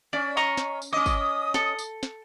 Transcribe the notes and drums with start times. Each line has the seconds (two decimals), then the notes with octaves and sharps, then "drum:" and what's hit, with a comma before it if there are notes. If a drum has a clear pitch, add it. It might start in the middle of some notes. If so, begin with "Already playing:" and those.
0.13 C#4 D5
0.37 D#5 A#5 C#6
0.57 drum: snare
0.82 drum: tambourine
0.93 C#4 D#5 D6 D#6
1.06 drum: kick, tambourine
1.54 A4, drum: snare
1.79 drum: tambourine
2.03 drum: snare